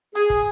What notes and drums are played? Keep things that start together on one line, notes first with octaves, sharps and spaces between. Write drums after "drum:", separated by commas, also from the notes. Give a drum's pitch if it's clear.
G#4, drum: hi-hat
drum: kick, hi-hat